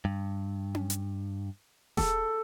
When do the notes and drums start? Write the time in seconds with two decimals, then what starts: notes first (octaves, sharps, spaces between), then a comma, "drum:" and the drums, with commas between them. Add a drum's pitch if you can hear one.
0.05 G2
0.75 drum: tom C#4
0.90 drum: hi-hat
1.97 A4, drum: snare D#1